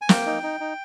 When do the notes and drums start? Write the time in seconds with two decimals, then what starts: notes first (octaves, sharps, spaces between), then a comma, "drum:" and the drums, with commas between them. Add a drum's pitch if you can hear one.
0.01 G#5
0.09 A#3 G5, drum: snare
0.26 D#4
0.43 D#4
0.60 D#4